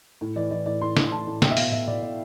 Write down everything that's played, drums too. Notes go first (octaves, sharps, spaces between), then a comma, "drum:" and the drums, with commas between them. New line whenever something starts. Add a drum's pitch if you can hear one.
A2
E3 D5
E3 D5
A2 D5
A2 C6
A2, drum: snare
A2 A5
A2
B2 G5, drum: snare
E5
B2 F5, drum: open hi-hat
B2 E5
B2 D5
B2 D5